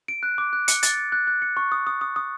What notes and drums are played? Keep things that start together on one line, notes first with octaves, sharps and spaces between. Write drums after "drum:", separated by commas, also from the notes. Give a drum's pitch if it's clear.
D7
F#6
D6
F#6
C#7, drum: hi-hat
A6, drum: hi-hat
C#7
F#6
F#6
C#7
C#6
D#6
D#6
D#6
D#6